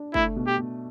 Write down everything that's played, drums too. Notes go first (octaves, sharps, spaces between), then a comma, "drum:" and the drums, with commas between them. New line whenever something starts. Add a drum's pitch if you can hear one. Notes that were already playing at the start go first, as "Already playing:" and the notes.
Already playing: D4
A3 E4, drum: kick F#1
B2
G4
B2